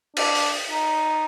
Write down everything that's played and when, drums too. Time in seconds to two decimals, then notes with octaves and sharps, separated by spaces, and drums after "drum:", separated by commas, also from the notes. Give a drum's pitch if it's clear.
0.17 D4, drum: cymbal
0.35 drum: open hi-hat
0.70 D#4